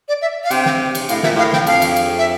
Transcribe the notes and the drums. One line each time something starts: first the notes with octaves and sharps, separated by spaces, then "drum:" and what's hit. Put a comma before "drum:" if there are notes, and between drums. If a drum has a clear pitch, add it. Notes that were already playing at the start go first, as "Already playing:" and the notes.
D5
E5
F5
C3 G5, drum: cymbal
drum: snare
drum: cymbal
A2 F5, drum: cymbal
A#2 E5, drum: snare
A2 F5
G5, drum: snare
F2 F5, drum: cymbal
drum: cymbal
drum: cymbal
E5